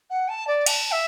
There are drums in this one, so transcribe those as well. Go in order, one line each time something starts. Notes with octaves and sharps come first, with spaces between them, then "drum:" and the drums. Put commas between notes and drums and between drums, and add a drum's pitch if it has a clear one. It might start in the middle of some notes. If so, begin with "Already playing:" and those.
F#5
A5
D5
A5, drum: cymbal
E5